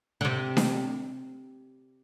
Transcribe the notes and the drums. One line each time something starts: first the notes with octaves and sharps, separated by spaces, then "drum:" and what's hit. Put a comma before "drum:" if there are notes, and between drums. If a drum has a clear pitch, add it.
D3
C3
drum: snare D4